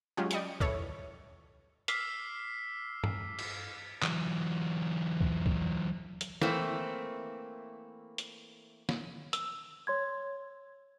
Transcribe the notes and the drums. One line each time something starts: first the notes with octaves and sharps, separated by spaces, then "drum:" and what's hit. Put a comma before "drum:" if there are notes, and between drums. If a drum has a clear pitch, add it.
F#3 G#3 C#4 F4 G4
D5 D#5 G5 B5 C#7, drum: hi-hat
E4 A4 B4 C#5, drum: kick
D6 E6 F6 B6 C7, drum: hi-hat
drum: tom G2
drum: cymbal
E3 F#3, drum: clap
drum: kick
drum: kick
drum: hi-hat
E3 A3 A#3 C4, drum: snare
drum: hi-hat
drum: snare
E6, drum: hi-hat
C#5 C6 G#6